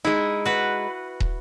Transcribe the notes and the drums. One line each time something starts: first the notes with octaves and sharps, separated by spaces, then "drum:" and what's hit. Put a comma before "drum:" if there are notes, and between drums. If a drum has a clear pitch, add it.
G#3 D#4 E4
F#4 B4
drum: kick